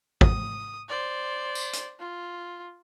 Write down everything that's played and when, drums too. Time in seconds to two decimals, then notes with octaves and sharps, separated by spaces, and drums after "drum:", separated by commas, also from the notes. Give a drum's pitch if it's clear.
0.21 D#6, drum: kick
0.89 C5 D5
1.55 drum: tambourine
1.73 drum: hi-hat
1.99 F4